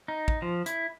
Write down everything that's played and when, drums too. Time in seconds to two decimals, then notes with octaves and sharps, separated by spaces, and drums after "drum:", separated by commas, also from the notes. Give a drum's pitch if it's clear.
0.08 D#4
0.28 drum: kick
0.42 F3
0.66 E4, drum: hi-hat